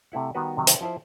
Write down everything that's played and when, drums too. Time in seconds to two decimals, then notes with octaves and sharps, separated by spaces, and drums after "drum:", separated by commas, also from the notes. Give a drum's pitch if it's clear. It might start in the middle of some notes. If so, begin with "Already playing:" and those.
0.12 C3 A3 E4 F#5
0.35 D#3 G3 B3 F#4 B4
0.57 C3 D#3 F#3
0.67 drum: hi-hat
0.81 F3 E4 C5